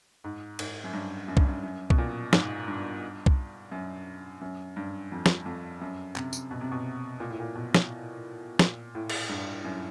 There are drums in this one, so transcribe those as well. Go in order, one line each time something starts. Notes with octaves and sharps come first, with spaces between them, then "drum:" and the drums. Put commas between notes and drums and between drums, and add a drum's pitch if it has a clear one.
G#2
G#2, drum: cymbal
F#2
G2
F#2
G2, drum: kick
F#2
F#2
B2, drum: kick
A#2
G#2, drum: snare
G2
drum: kick
F#2
F#2
G2
F2
drum: snare
F2
F#2
C3, drum: clap
drum: tambourine
B2
C3
B2
A#2
A2
A#2
B2
drum: snare
A#2, drum: snare
A2
drum: cymbal
G2
F#2